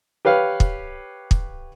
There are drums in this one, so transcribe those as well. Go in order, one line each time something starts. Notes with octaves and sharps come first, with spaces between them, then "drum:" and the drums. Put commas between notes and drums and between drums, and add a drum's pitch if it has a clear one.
G4 B4 C#5 F5
drum: kick
drum: kick